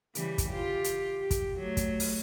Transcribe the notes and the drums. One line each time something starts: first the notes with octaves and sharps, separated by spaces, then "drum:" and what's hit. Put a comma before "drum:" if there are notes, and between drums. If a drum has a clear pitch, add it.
C#3 E3 G3, drum: hi-hat
drum: kick, hi-hat
F4 G4
drum: hi-hat
G4
drum: kick, hi-hat
F#3 A3
drum: kick, hi-hat
drum: open hi-hat